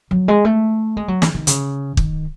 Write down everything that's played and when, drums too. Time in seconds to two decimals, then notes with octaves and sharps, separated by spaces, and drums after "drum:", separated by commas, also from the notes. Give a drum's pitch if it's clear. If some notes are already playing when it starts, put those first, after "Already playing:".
0.11 F#3
0.28 G#3
0.45 A3
0.97 G#3
1.08 F#3
1.22 E3, drum: snare
1.34 D#3
1.47 C#3, drum: hi-hat
1.97 D#3, drum: kick